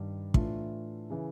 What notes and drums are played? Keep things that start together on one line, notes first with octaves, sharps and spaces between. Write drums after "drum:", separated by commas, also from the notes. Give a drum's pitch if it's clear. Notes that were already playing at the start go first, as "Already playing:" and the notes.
Already playing: G2 D#3 G3
A2 E3 A3 D4 F4, drum: kick
C#3 E3